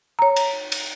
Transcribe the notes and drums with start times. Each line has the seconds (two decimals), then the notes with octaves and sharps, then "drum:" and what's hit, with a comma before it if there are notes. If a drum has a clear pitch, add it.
0.19 C#5 A#5
0.36 drum: cymbal
0.72 drum: cymbal